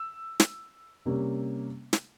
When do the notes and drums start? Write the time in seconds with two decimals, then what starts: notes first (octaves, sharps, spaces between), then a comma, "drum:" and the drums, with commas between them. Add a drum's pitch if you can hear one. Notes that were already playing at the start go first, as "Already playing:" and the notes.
Already playing: E6
0.40 drum: snare
1.06 C3 G3 A#3 C#4
1.93 drum: snare